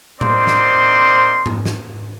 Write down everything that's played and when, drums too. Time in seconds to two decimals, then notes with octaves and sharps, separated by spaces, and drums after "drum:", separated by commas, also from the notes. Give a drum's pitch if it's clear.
0.21 A#3 C4 D#4 C5 D5 C6, drum: tom A2
0.47 drum: snare
1.46 drum: tom G#2
1.65 drum: snare